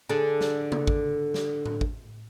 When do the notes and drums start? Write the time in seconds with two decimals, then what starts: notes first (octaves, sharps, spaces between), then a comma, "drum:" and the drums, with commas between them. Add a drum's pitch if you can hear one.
0.09 D3 G#4 A4
0.41 drum: snare
0.72 drum: tom C#3
0.87 drum: kick G#1
1.34 drum: snare
1.66 drum: tom A2
1.81 drum: kick G#1